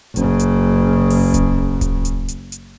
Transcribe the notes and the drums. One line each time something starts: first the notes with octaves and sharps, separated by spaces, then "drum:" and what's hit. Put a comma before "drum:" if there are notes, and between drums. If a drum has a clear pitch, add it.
F#1 C#3, drum: hi-hat
drum: hi-hat
drum: open hi-hat
drum: kick D1, hi-hat
drum: kick D1, hi-hat
drum: hi-hat
drum: hi-hat
drum: hi-hat